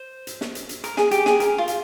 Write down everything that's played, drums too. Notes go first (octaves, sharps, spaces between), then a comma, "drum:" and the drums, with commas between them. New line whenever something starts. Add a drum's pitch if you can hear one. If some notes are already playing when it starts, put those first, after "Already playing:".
Already playing: C5
drum: hi-hat
drum: snare
drum: hi-hat
drum: hi-hat
A#4, drum: hi-hat
G#4, drum: snare
G4, drum: hi-hat
G#4, drum: snare
A#4, drum: hi-hat
F4
drum: hi-hat